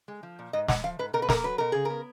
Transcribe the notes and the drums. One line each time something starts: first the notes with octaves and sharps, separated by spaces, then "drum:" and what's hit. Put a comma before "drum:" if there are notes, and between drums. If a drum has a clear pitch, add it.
G#3
F3
A#2
G#2 D#5
G#3 F#5, drum: snare
F3 F5
G#2 B4
B2 A#4
B4
A#3 A#4, drum: snare
F#3 B4
B2 A#4
C#3 G#4
B3 A#4